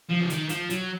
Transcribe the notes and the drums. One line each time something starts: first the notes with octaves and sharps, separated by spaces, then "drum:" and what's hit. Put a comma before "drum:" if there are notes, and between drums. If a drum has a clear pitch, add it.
F3
C#3
D#3, drum: hi-hat
F3, drum: hi-hat
F#3, drum: hi-hat